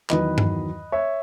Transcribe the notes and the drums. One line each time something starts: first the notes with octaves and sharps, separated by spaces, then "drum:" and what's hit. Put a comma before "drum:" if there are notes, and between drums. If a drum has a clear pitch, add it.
E2 D#3 F#3 B4 D#5, drum: clap
drum: tom G2
C#5 E5